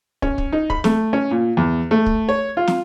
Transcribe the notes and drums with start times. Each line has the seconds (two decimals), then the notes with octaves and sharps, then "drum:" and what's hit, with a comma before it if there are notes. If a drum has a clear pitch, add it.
0.22 C#4, drum: kick
0.38 drum: kick
0.53 D#4
0.70 B5, drum: kick
0.84 A3, drum: snare
1.13 C#4
1.31 A#2
1.57 E2
1.91 A3
2.06 drum: kick
2.29 C#5
2.57 F4
2.68 drum: snare